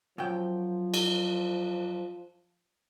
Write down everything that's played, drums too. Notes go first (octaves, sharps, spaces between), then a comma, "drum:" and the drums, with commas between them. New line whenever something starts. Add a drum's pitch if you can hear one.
F#2 F3 F#3 G5
drum: cymbal